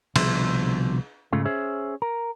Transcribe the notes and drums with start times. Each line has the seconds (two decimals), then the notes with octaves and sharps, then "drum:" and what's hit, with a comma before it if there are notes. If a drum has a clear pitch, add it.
0.16 C2 B2 D3 F3 E5 C6, drum: cymbal
1.33 G#2 C#3 A3 F4
1.45 C#4 G#4 C5 E5
2.02 A#4